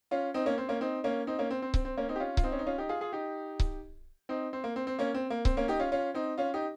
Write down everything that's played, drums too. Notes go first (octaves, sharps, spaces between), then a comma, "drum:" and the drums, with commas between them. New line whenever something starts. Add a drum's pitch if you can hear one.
C#4 F4
C4 D#4
A#3 C#4
C4
A#3 C#4
C4 D#4
A#3 C#4
C4 D#4
A#3 C#4
C4
C4
C4, drum: kick C#1
C4
A#3 C#4
C4 D#4
G4
C#4 F4
F4, drum: kick C#1
C4 D#4
C#4
D#4
C#4 F4
D#4 G4
F4 G#4
F4 G#4
D#4 G4
drum: kick C#1
C4 D#4
C4
A#3
C4
C4
A#3 C#4
C4
A#3
C4, drum: kick C#1
A#3 C#4
D#4 G4
C#4 F4
C#4 F4
C4 D#4
C#4 F4
D#4 G4